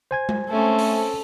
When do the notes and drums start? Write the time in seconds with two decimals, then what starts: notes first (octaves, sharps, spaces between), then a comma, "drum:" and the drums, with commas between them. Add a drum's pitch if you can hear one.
0.11 C5 G#5 G#6
0.29 drum: tom G#3
0.50 A3 C4 C#4 A4
0.79 drum: open hi-hat